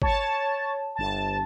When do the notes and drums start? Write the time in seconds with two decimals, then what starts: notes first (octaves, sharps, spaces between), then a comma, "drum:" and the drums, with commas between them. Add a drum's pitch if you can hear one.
0.02 C#5 A5, drum: kick G#1
0.96 G1 A5